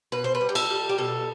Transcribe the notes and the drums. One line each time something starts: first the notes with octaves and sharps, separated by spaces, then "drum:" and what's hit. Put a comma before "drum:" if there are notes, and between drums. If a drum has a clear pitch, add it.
B2 B4
C5
B4
G3
G4
A4, drum: cymbal
G3
G4
B2 A4